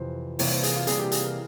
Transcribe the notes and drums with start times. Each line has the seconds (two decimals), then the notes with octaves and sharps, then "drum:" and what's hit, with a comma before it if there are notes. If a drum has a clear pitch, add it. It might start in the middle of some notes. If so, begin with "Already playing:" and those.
Already playing: F2 C3 E3 C5
0.39 C3 E3 G3 A#3 C#5, drum: open hi-hat
0.52 C5
0.63 G#4, drum: hi-hat
0.76 F4
0.87 C3 E3 G3 A#3 G#4, drum: hi-hat
0.99 G4
1.12 G#4, drum: hi-hat
1.23 A#4